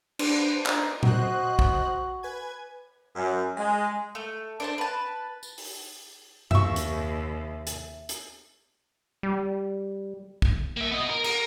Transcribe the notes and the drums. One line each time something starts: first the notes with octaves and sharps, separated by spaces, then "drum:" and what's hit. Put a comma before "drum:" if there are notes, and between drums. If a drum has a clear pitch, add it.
D4 B4 C5, drum: cymbal
D#4, drum: clap
F#4 C5 D#5 F#6, drum: tom A#2
drum: kick
B4 G#5 G#6
F#2
G#3
A3
D4 C5 A5
B4 A5
drum: tambourine
drum: open hi-hat
D#2 C3 E5 F5 C#6 E6, drum: tom F#2
drum: hi-hat
drum: hi-hat
drum: hi-hat
G3
drum: kick
A#3 E5
B3 D#5
A#4
A#4, drum: cymbal